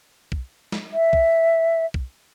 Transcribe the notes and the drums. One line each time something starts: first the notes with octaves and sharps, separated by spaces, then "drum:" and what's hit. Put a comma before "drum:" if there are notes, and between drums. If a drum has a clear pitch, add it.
drum: kick
drum: snare
E5
drum: kick
drum: kick